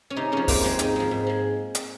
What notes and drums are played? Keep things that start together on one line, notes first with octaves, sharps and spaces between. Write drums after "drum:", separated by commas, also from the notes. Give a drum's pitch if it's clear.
C#4
C3 D#4
F3 G#3 C#4
C3 A#3, drum: kick, open hi-hat
F3 G#3 C4
G#2 D#4, drum: hi-hat
F3 G#3
G#2
F3 G#3
drum: hi-hat